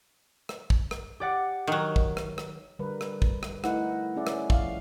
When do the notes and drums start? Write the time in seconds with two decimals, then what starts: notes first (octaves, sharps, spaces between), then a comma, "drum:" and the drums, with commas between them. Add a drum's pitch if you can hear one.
0.49 drum: rim click
0.70 drum: kick
0.91 drum: rim click
1.20 G4 D5 F#5
1.67 D#3 F#3
1.96 drum: kick
2.17 drum: rim click
2.38 drum: rim click
2.79 D3 G3 A#4 B4
3.01 drum: rim click
3.22 drum: kick
3.43 drum: rim click
3.64 A3 D#4 E4 B4 F#5, drum: rim click
4.16 C#4 G#4 D5 E5
4.27 drum: rim click
4.50 F3 F5, drum: kick